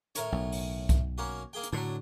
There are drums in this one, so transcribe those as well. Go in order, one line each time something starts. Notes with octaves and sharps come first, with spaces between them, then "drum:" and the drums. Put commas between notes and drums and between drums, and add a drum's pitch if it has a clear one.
A2 A#4 C#5, drum: hi-hat
B1
drum: open hi-hat
drum: kick C2, hi-hat
A#3 C#4 F#4
A#3 G#4 G5
drum: hi-hat
A2 D3 F#3 D4